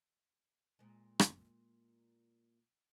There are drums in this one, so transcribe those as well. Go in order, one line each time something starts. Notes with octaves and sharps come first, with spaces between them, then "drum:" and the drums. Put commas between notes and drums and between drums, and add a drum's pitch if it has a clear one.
A#2 G#3
drum: rim click